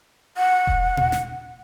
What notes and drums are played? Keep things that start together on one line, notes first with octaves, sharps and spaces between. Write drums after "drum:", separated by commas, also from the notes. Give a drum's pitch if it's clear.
F#5
drum: kick E1
drum: tom A#2
drum: snare